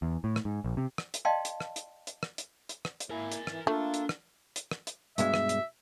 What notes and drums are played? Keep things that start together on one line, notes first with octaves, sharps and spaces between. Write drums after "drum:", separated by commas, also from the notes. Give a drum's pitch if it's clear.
E2
A2
drum: rim click
G#2
A#1
C3
drum: rim click
drum: hi-hat
D5 D#5 F5 G5 A5 C6
drum: hi-hat
drum: rim click
drum: hi-hat
drum: hi-hat
drum: rim click
drum: hi-hat
drum: hi-hat
drum: rim click
drum: hi-hat
A#3 E4 A#4 G#5
drum: hi-hat
E3, drum: rim click
A3 A#3 D4 F4 A4
drum: hi-hat
drum: rim click
drum: hi-hat
drum: rim click
drum: hi-hat
G2 B2 G#3 E5, drum: hi-hat
drum: rim click
drum: hi-hat